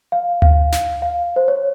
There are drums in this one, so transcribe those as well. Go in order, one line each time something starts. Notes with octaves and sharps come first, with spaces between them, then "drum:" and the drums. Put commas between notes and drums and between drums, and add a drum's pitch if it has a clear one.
F5
F5, drum: tom D2
drum: snare
F5
C5
C#5